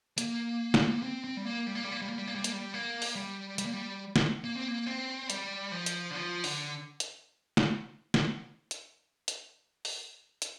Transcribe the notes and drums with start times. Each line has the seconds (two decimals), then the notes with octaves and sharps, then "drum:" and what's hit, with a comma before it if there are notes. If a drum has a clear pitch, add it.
0.18 A#3, drum: hi-hat
0.74 drum: snare
1.03 C4
1.24 C4
1.37 G3
1.45 A#3
1.67 G3
1.75 A#3
1.84 G3
1.92 A#3
2.02 G3
2.09 A#3
2.18 G3
2.27 A#3
2.35 G3
2.44 A#3, drum: hi-hat
2.52 G3
2.74 A#3
3.02 drum: open hi-hat
3.16 G3
3.58 G3, drum: hi-hat
3.66 A#3
3.73 G3
4.16 drum: snare
4.44 A#3
4.56 C4
4.68 A#3
4.86 C4
5.30 G3, drum: hi-hat
5.72 F3
5.86 drum: hi-hat
6.11 D3
6.15 F3
6.44 D3, drum: open hi-hat
7.00 drum: hi-hat
7.57 drum: snare
8.14 drum: snare
8.71 drum: hi-hat
9.28 drum: hi-hat
9.85 drum: open hi-hat
10.42 drum: hi-hat